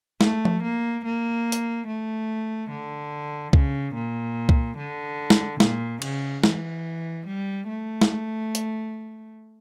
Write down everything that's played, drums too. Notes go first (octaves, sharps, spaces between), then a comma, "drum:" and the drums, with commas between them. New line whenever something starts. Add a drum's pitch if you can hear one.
A3, drum: snare
drum: tom F3
A#3
A#3
drum: hi-hat
A3
D3
C#3, drum: kick C2
A#2
drum: kick C2
D3
drum: snare
A#2, drum: snare
C#3, drum: cymbal
E3, drum: snare
G3
A3
drum: snare
drum: hi-hat